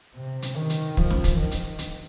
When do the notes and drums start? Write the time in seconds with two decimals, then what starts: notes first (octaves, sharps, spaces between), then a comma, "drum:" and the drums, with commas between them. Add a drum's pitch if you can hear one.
0.15 C3
0.42 drum: hi-hat
0.56 D#3
0.70 drum: hi-hat
0.97 F3, drum: kick
1.10 drum: snare
1.24 drum: kick, hi-hat
1.38 D#3
1.51 drum: hi-hat
1.79 drum: hi-hat